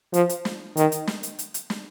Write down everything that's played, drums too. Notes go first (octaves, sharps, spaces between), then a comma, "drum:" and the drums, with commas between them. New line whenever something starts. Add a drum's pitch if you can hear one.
F3, drum: hi-hat
drum: hi-hat
drum: snare
D#3, drum: hi-hat
drum: hi-hat
drum: snare
drum: hi-hat
drum: hi-hat
drum: hi-hat
drum: snare